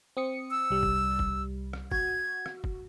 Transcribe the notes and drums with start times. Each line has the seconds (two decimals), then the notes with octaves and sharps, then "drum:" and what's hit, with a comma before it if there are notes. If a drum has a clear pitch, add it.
0.17 C4 D#6 C#7
0.51 E6
0.70 C2 G3
0.83 drum: kick
1.19 drum: kick
1.73 drum: rim click
1.91 F#4 G#6, drum: kick
2.46 drum: rim click
2.64 drum: kick